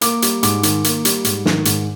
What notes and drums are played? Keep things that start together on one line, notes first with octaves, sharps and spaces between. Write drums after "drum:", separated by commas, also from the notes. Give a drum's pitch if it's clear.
A#3 D6, drum: hi-hat
G3, drum: hi-hat
G#2 D6, drum: hi-hat
D#3, drum: hi-hat
A#3, drum: hi-hat
G3, drum: hi-hat
G#2, drum: hi-hat
D#3, drum: snare
G#2, drum: hi-hat